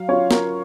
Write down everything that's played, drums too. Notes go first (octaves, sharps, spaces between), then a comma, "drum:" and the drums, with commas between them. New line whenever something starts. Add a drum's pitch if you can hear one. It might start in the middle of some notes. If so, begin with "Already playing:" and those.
Already playing: F#3 F5
C#4 F4 C#5
A#4, drum: snare